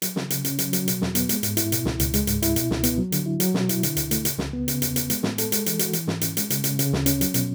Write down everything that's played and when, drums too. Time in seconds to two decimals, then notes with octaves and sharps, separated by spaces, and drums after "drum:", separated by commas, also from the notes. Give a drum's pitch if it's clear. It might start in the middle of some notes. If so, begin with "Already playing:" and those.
0.02 F#3, drum: hi-hat
0.16 C#3, drum: snare
0.30 C#3, drum: hi-hat
0.45 C#4, drum: hi-hat
0.59 F#3, drum: hi-hat
0.73 F#3, drum: hi-hat
0.88 B2, drum: hi-hat
1.02 E2, drum: snare
1.15 B3, drum: hi-hat
1.29 G#3, drum: hi-hat
1.43 G#2, drum: hi-hat
1.57 E4, drum: hi-hat
1.72 B2, drum: hi-hat
1.85 C#2, drum: snare
2.00 C#2, drum: hi-hat
2.14 G#3, drum: hi-hat
2.27 G#2, drum: hi-hat
2.42 E4, drum: hi-hat
2.56 B2, drum: hi-hat
2.71 C#2, drum: snare
2.83 B3, drum: hi-hat
2.98 F#3
3.12 D3, drum: hi-hat
3.26 E4
3.40 F#3, drum: hi-hat
3.54 B2, drum: snare
3.69 E4, drum: hi-hat
3.83 D3, drum: hi-hat
3.97 D2, drum: hi-hat
4.11 A3, drum: hi-hat
4.25 C#3, drum: hi-hat
4.38 C#2, drum: snare
4.53 B3
4.68 C#3, drum: hi-hat
4.82 E2, drum: hi-hat
4.96 B3, drum: hi-hat
5.10 G#3, drum: hi-hat
5.23 A2, drum: snare
5.38 A4, drum: hi-hat
5.52 G#3, drum: hi-hat
5.66 E3, drum: hi-hat
5.79 F#4, drum: hi-hat
5.93 E3, drum: hi-hat
6.07 G#2, drum: snare
6.21 C#4, drum: hi-hat
6.37 G#3, drum: hi-hat
6.50 C#3, drum: hi-hat
6.64 C#3, drum: hi-hat
6.79 C#3, drum: hi-hat
6.93 D2, drum: snare
7.06 C#4, drum: hi-hat
7.21 F#3, drum: hi-hat
7.34 B2, drum: hi-hat